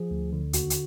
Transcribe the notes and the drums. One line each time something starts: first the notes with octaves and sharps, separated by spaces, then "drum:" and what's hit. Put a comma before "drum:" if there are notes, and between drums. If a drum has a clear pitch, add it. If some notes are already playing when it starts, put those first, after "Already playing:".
Already playing: F3 G#4
D2
D3
D#2 F#4, drum: hi-hat
drum: hi-hat